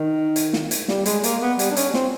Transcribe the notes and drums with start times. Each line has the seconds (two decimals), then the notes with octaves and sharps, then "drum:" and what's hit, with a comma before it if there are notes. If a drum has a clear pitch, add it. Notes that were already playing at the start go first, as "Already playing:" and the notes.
Already playing: D#3
0.36 drum: hi-hat
0.53 drum: snare
0.71 drum: hi-hat
0.88 G3, drum: snare
1.06 G#3, drum: hi-hat
1.24 A#3, drum: hi-hat
1.41 B3
1.59 G3, drum: hi-hat
1.71 D4
1.76 C#4, drum: hi-hat
1.94 C4, drum: snare